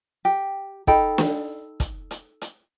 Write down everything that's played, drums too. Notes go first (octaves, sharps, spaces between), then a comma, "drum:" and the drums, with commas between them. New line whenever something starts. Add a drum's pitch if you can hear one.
G4
D#4 A4 G5 B5, drum: kick
drum: snare
drum: kick, hi-hat
drum: hi-hat
drum: hi-hat